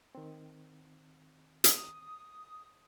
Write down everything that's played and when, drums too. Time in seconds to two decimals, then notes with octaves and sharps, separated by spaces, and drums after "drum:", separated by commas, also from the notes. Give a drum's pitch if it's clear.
0.15 D#3 C4
1.64 D#6, drum: hi-hat